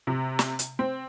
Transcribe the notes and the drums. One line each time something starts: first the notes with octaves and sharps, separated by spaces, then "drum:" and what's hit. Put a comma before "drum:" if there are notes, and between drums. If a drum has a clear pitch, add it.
C3
drum: snare
drum: hi-hat
C4